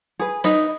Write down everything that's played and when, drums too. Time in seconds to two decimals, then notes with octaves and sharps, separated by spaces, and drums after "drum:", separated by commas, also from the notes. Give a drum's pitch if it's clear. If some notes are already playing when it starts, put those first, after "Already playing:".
0.19 G#4 B4
0.44 D#4 B4 D#5, drum: hi-hat